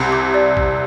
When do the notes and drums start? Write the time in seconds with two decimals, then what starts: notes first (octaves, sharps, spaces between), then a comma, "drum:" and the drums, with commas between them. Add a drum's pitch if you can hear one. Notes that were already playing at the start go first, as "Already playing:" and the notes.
Already playing: C2 C3
0.12 D6
0.34 D5
0.57 drum: kick